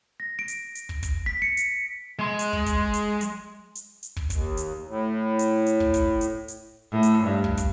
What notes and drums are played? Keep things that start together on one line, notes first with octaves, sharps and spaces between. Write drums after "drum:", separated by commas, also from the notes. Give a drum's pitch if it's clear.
A#6
D7
drum: hi-hat
drum: hi-hat
drum: kick
drum: kick, hi-hat
B6
C#7
drum: hi-hat
G#3 C6
drum: hi-hat
drum: kick
drum: kick, hi-hat
drum: hi-hat
drum: hi-hat
drum: hi-hat
drum: hi-hat
drum: kick
D#2, drum: kick, hi-hat
drum: hi-hat
A2
drum: hi-hat
drum: hi-hat
drum: kick
drum: kick, hi-hat
drum: hi-hat
drum: hi-hat
A2
drum: hi-hat
G2
drum: kick
drum: kick, hi-hat